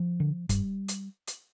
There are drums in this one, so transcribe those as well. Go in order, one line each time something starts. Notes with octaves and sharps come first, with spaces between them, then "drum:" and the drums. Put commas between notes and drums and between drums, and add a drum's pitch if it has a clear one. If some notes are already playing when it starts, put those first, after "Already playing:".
Already playing: F3
D3
G2 G3, drum: kick, hi-hat
drum: hi-hat
drum: hi-hat